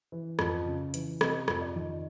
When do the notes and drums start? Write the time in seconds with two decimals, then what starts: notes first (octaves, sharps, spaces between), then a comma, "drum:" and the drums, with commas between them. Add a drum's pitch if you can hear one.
0.12 E3
0.39 F2, drum: rim click
0.66 C#3
0.94 E3, drum: hi-hat
1.21 C3 D#5, drum: rim click
1.48 F2, drum: rim click
1.61 D5
1.76 D#3